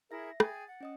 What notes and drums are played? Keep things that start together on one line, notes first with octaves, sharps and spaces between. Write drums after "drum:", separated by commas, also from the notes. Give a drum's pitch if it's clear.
E4 G#4 A#4 E5 A#6
G#4 G5 G#5 A6, drum: rim click
F#5
C#4 D#5 D#6